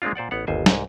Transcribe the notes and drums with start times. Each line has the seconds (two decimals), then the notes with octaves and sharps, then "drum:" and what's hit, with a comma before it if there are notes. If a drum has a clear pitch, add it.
0.02 G#3 A#3 C4 D4 F4
0.15 A#2 C5 D5 F#5
0.31 A1 B3 C#5 F#5
0.47 G1 D#2 C5 G#5 A5
0.66 C2 G#2, drum: snare